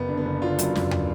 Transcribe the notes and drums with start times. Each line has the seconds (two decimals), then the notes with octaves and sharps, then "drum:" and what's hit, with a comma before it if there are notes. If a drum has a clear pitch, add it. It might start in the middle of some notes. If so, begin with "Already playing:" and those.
Already playing: F#1 B3
0.09 D3
0.17 B3
0.25 F#1
0.42 D3 F4
0.59 F#2, drum: hi-hat
0.75 F#2, drum: snare
0.91 drum: tom